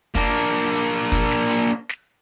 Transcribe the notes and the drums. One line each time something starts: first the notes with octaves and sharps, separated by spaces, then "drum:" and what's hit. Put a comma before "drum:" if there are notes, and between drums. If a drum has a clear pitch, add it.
A#3 D4, drum: kick
drum: hi-hat
drum: hi-hat
drum: kick, hi-hat
drum: snare
drum: hi-hat
drum: snare